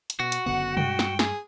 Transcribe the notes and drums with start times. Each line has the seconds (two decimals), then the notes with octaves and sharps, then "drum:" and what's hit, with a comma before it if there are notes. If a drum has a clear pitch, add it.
0.10 drum: hi-hat
0.20 B2 F#4
0.32 drum: hi-hat
0.46 F#1 D3 B3 F#5
0.77 G2 G#3 G5, drum: tom
0.99 drum: snare
1.19 G#4, drum: snare